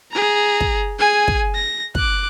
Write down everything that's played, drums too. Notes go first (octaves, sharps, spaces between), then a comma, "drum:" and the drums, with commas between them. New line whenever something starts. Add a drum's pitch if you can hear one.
G#4 A#5
drum: kick
G#4 G#5
drum: kick
A#6
D6 F#6, drum: kick